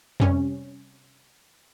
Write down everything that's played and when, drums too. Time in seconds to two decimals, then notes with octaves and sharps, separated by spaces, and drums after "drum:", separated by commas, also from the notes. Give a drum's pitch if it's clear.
0.20 C3 G3 C#4, drum: tom F2